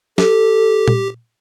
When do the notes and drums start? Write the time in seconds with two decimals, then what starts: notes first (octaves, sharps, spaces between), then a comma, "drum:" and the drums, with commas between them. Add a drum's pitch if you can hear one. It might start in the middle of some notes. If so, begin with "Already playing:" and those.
0.18 G4 A4, drum: snare
0.88 drum: tom A#2